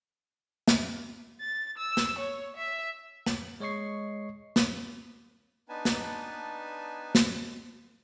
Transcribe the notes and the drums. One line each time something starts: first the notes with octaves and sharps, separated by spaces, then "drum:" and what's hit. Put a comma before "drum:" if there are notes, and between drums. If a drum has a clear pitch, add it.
drum: snare
A6
E6
drum: snare
C#5
E5
drum: snare
G#3 C#5 D#5 C#6 C7
drum: snare
B3 D4 D#4 B4 G#5 A5
drum: snare
drum: snare